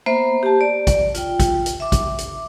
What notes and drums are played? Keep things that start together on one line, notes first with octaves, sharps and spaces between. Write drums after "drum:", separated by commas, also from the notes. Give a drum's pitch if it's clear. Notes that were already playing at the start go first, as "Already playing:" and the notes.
A#3 B3 C5 E5 A#5
G4 A5
D5
drum: kick, hi-hat
F4 G5, drum: hi-hat
drum: kick, hi-hat
drum: hi-hat
E5 D6
drum: kick, hi-hat
drum: hi-hat